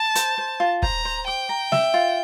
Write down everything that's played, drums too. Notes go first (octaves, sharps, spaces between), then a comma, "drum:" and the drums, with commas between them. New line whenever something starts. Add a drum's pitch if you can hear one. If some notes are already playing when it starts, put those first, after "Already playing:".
Already playing: A5
C5, drum: hi-hat
C5
F4
C5 A#5, drum: kick
C5
G5 D6
A#5
E5, drum: snare
F4